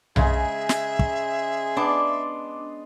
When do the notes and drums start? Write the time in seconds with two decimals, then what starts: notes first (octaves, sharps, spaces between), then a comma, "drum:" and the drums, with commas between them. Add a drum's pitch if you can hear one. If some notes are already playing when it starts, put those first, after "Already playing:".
0.16 C#3 G#3 G#4 E5, drum: tom B1
0.69 drum: snare
0.99 drum: kick
1.77 B3 D4 D5 C6